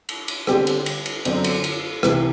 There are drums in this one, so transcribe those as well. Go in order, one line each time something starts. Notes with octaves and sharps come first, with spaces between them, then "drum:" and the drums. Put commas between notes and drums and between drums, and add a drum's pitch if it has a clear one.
drum: cymbal
drum: cymbal
D3 G3 C4 G4, drum: rim click
drum: cymbal
drum: cymbal
drum: cymbal
F#2 D3 F#3 C4, drum: cymbal
drum: cymbal
drum: cymbal
C2 C3 E3, drum: rim click